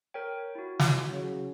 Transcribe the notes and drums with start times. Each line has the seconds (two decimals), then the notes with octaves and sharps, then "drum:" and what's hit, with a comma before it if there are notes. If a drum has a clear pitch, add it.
0.14 A#4 C#5 G5
0.55 E4 F#4
0.79 drum: snare
1.10 C#3 F#3